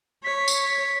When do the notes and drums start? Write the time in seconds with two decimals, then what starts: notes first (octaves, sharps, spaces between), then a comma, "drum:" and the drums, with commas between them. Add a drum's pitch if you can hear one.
0.24 C#5 B6
0.48 drum: tambourine